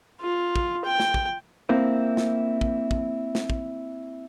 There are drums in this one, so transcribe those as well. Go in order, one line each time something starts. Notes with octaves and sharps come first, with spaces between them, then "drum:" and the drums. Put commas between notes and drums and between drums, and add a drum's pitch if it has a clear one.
F4
drum: kick
G5
drum: snare
drum: kick
A#3 C4 E4
drum: snare
drum: kick
drum: kick
drum: snare
drum: kick